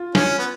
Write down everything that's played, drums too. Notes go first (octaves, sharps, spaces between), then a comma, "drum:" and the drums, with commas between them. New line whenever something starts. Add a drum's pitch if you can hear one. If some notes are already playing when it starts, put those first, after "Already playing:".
Already playing: F4
C#4, drum: snare
B3